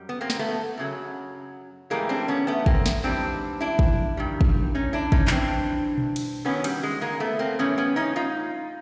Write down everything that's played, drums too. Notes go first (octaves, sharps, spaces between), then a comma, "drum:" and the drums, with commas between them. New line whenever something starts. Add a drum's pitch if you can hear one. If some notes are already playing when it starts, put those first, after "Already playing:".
Already playing: F#2 G3
B3
A#3 C4
drum: snare
A3 B3
F#2 C#3 F#3
A2 E3 G3 G#3 A#3
C4 D4
B3 C#4
A3 B3
A#3 C4, drum: kick
drum: snare
G#2 E3 G3 C4 D4
D4 E4
drum: kick
G2 D#3 G3
drum: kick
C#4 D#4
D4 E4
C#4 D#4, drum: kick
D#4, drum: clap
G2 E3 C4 D4
drum: tom B2
drum: cymbal
F#2 D#3 F#3 B3 C#4
G3, drum: cymbal
G#3
G#3 A#3
A3 B3
A#3 C4
A2 E3 G3 B3 C#4
B3 C#4
C#4 D#4
D#4 F4